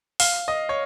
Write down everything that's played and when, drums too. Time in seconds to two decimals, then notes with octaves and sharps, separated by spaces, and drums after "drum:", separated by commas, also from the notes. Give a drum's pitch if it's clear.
0.20 F5, drum: open hi-hat
0.48 D#5
0.69 C#5